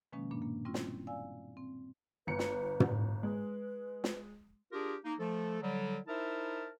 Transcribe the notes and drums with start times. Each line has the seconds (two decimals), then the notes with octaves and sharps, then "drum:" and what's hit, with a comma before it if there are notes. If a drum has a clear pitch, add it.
0.12 B2 D#3 F3 G#3 A#3 C#4
0.31 G2 A#2 A#3 D4
0.42 A#3
0.65 G3 C4 C#4 E4 F4
0.74 drum: snare
1.07 D5 F5 G#5 E6
1.57 C4
2.27 G1 B4 C#7
2.39 drum: snare
2.80 drum: tom
3.23 G#3 B4
4.04 drum: snare
4.72 D4 F4 G4 G#4 A#4
5.04 A#3 D#4
5.19 F3 A3 A4
5.61 D3 F#3 G3
6.08 D#4 E4 A#4 C5 E5 A5